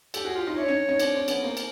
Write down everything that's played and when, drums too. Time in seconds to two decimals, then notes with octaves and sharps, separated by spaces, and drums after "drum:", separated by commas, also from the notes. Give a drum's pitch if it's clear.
0.14 G4 A4, drum: cymbal
0.25 F#4 G#4
0.35 F4 G4
0.47 D#4 F4
0.57 D4 E4 C#5
0.68 C#4 D#4
0.89 C#4 D#4
1.00 C4 D4, drum: cymbal
1.14 C4 D4
1.28 B3 C#4, drum: cymbal
1.42 A#3 C4
1.57 drum: cymbal